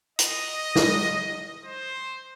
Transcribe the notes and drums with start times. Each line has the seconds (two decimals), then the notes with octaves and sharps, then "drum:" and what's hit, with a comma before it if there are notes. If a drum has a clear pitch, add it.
0.19 D#5, drum: hi-hat
0.75 drum: snare
1.64 C5